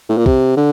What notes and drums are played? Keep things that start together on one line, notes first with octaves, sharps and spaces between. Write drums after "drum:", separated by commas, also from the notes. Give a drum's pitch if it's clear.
A2
A#2
C3, drum: kick B1
D3